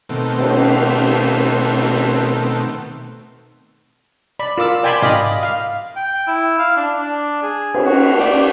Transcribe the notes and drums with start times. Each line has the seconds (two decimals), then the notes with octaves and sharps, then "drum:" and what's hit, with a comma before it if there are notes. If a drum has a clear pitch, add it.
0.09 B2 D#3 A3 C4
0.39 drum: cymbal
1.82 drum: snare
4.39 D5 B5
4.58 F4 A#4 D6 E6
4.83 D5 G5 G#5 B5 C6
5.02 D5 D#5 F5 B5 D6, drum: tom G#2
5.43 F5
5.96 G5
6.27 E4
6.59 F5
6.77 D4
6.99 D4
7.42 G#4
7.74 drum: cymbal
7.85 F#4
8.19 D5, drum: snare